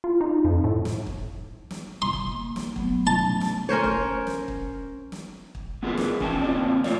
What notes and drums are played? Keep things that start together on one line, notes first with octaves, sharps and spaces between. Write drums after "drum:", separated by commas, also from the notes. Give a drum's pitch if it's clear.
F4
D#4
F2
A2
drum: snare
drum: kick
drum: snare
C6
drum: kick
A#3
drum: snare
F#3 A3 B3, drum: kick
C#4 A5
drum: snare
C#4 A#4 C5 C#5
drum: kick
drum: snare
drum: kick
drum: snare
drum: kick
B3 F4 G#4 A#4 B4
drum: snare
E2 C#4 C5 D#5 G5 A5, drum: kick
A#3 C4 F4 D5
A3 F4 A#4 C#5 D5, drum: snare